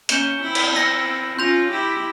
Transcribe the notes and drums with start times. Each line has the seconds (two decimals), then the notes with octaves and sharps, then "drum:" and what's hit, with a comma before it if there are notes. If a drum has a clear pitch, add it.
0.09 A#3 C#4 G6 C#7 E7 G7, drum: hi-hat
0.42 C4 E4
0.55 drum: cymbal
0.74 C4 E4 E6 A#6 C#7
1.38 C#4 F4 C6 G6 A#6 F7
1.71 E4 G4